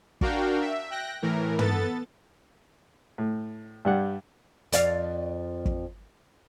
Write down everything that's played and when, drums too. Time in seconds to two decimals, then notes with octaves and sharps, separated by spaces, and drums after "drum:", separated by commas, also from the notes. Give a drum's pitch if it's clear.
0.21 D4 F#4 A#4 F5 G5, drum: kick
0.61 E5
0.90 G5 F#6 A#6
1.22 A2 E3 A#4
1.59 B3 A4 A6, drum: tom
3.18 A2
3.85 G2 G3 F#5
4.72 F2 D5 F5, drum: hi-hat
5.65 drum: kick